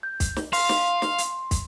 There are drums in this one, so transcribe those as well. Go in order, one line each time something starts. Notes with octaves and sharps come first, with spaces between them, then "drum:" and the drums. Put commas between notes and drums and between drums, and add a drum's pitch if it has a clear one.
G6
drum: kick, hi-hat
drum: snare
F5 C6, drum: open hi-hat
drum: snare
drum: snare
drum: hi-hat
drum: kick, hi-hat